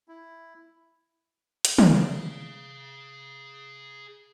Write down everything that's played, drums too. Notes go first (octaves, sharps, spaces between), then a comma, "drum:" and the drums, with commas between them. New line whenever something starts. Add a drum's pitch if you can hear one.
E4
drum: hi-hat
G#4 F5, drum: tom